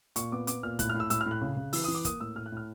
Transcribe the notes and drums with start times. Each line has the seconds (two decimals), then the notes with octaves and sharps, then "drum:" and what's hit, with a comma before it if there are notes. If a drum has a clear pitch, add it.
0.16 A#2 C#6, drum: hi-hat
0.32 B3 D6
0.47 B3 D6, drum: hi-hat
0.63 A#2 F6
0.79 A2 F#6, drum: kick, hi-hat
0.89 F6
0.94 A2
1.00 E6
1.10 A2 E6, drum: hi-hat
1.21 F6
1.26 A2 F#6
1.41 C#3
1.57 C#3
1.73 E3 E6, drum: open hi-hat
1.84 E3 D#6
1.95 D6
2.05 A#3 D#6, drum: kick, hi-hat
2.20 A2 E6
2.35 A2 F6
2.46 F#6
2.52 A2 F6